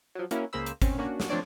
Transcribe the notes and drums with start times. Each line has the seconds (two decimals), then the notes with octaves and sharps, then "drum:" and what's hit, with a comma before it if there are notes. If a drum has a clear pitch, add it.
0.15 F3 F#3
0.31 A#3 C#4 E4 F#4 A#4, drum: hi-hat
0.53 C#2 A#3 G#4 C5 B5 E6
0.66 drum: hi-hat
0.82 C4 C#4, drum: kick G#1, hi-hat
0.98 A#3 C#4 D4 F#4
1.20 drum: snare
1.30 F3 A3 C4 D4 C#5 D5